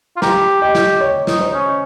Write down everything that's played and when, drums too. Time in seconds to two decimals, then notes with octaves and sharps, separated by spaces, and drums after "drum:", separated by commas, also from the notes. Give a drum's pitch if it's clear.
0.17 F4
0.22 G4 A#5, drum: snare
0.61 G4 D#5
0.75 drum: snare
1.01 C#5
1.27 D#4, drum: snare
1.41 C5
1.54 C#4